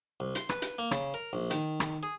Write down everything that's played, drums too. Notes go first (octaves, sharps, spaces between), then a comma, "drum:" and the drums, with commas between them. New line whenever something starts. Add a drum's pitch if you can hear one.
C2
C6, drum: hi-hat
B4, drum: rim click
drum: hi-hat
A#3
C#3, drum: rim click
A#4
A#1
D#3, drum: hi-hat
drum: rim click
G#4